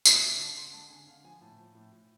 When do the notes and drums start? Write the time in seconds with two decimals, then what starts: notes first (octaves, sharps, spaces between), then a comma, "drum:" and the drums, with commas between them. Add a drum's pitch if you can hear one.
0.05 D3 E5, drum: tambourine
0.22 D3 E5
0.39 D3 A5
0.56 D3 C6
0.73 G#3 A5
0.90 D3 G#5
1.07 D3 F5
1.24 F3 G#5
1.41 A2 A5
1.58 F3
1.75 A2
1.93 A2